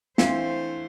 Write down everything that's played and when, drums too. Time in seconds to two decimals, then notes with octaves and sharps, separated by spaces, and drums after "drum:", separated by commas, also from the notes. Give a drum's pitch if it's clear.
0.18 E3 A3 C4 D4 C5 F5 G5, drum: snare